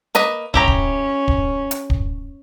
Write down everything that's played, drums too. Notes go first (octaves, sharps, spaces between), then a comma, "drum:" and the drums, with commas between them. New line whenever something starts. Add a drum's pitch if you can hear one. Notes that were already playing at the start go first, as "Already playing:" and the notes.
A#3 B4 D#5, drum: hi-hat
C#4 E4 G4 A#5, drum: kick
drum: kick
drum: kick
drum: hi-hat
drum: kick